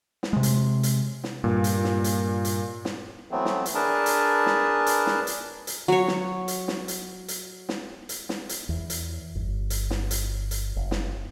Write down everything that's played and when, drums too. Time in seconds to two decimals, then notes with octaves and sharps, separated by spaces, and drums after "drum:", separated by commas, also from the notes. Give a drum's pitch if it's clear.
0.23 drum: snare
0.33 C3 G#3
0.43 drum: hi-hat
0.83 drum: hi-hat
1.24 drum: snare
1.44 G2 A#2
1.64 drum: hi-hat
1.84 drum: snare
2.04 drum: hi-hat
2.45 drum: hi-hat
2.85 drum: snare
3.31 E3 F#3 A3 B3 C4
3.45 drum: snare
3.66 drum: hi-hat
3.75 D4 G#4 A#4 B4 A5
4.06 drum: hi-hat
4.46 drum: snare
4.86 drum: hi-hat
5.07 drum: snare
5.27 drum: hi-hat
5.67 drum: hi-hat
5.88 F#3 C#5
6.07 drum: snare
6.48 drum: hi-hat
6.68 drum: snare
6.88 drum: hi-hat
7.28 drum: hi-hat
7.69 drum: snare
8.09 drum: hi-hat
8.29 drum: snare
8.49 drum: hi-hat
8.69 E2
8.90 drum: hi-hat
9.35 G1
9.70 drum: hi-hat
9.90 drum: snare
10.11 drum: hi-hat
10.51 drum: hi-hat
10.76 F#1
10.91 drum: snare